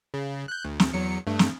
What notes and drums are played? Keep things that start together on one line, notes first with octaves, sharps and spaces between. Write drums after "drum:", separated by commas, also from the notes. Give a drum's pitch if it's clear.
C#3
F#6 G6
D2
drum: snare
E2 F#3 C#7
G2 A3
drum: snare